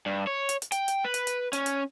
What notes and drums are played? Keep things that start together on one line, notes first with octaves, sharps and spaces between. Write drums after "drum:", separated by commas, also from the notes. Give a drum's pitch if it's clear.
G2
C#5
drum: hi-hat
drum: hi-hat
G5, drum: hi-hat
drum: hi-hat
B4
drum: hi-hat
drum: hi-hat
C#4, drum: hi-hat
drum: hi-hat